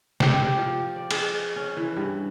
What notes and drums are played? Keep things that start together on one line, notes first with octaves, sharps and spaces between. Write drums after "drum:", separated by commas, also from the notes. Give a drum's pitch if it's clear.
G4, drum: snare
G4
F3
D5
G#4, drum: cymbal
C#4
E3
G2